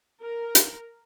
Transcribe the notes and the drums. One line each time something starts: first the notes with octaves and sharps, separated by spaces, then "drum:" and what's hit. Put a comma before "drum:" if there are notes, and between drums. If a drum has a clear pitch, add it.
A#4
drum: hi-hat